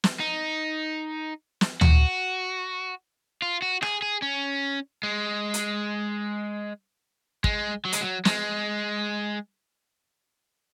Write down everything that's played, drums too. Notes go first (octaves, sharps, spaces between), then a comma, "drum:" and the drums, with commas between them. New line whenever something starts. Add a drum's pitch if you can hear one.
drum: snare
D#4
drum: snare
F#4, drum: tom
F4
F#4
G#4, drum: rim click
G#4
C#4
G#3
drum: hi-hat
G#3, drum: kick
F#3
G#3, drum: hi-hat
F#3
G#3, drum: snare